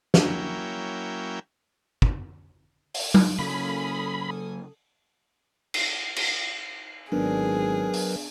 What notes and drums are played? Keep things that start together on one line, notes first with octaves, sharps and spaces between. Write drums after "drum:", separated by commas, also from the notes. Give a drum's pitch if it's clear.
F#3 A#3 C#4 E4 G5, drum: snare
drum: kick
drum: open hi-hat
drum: tom F#3
C#3 F#3 A#3 C#4 A4 G#5 B5 D#6
drum: cymbal
drum: cymbal
G#1 F#3 B3 D4 G#4 A#4 B4
drum: open hi-hat